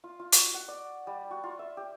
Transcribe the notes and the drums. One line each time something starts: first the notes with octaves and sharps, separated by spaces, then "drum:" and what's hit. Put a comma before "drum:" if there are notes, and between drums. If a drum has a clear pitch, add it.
F4
F4
F#4, drum: hi-hat
F#5
D5
G3
F#4
F4
E5
G4